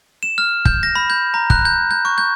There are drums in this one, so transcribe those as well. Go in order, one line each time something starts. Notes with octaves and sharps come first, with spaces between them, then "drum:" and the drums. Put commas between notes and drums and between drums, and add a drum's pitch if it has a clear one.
E7
F6
G6, drum: kick
A#6
B5
G6
A#5
F#6, drum: kick
G6
G6
C#6
G6